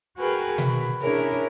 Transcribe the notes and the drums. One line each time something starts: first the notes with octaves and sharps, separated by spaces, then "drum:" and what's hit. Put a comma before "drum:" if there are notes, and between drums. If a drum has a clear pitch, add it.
F#4 G#4 A#4 B4 G5
B5, drum: tom B2
C#4 D4 E4 G#4 A#4 C#5